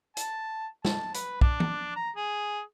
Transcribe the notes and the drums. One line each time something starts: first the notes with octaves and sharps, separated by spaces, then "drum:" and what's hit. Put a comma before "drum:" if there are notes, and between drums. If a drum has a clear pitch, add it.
A5, drum: hi-hat
A5, drum: snare
B4, drum: hi-hat
D4, drum: kick
drum: tom E3
A#5
G#4